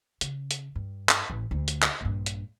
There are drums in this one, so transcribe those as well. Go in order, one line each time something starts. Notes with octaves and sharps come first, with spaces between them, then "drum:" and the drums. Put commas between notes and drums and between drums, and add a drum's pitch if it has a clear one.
C#3, drum: hi-hat
drum: hi-hat
G2
drum: clap
A1 E3
D2
drum: hi-hat
drum: clap
A#1 G2
drum: hi-hat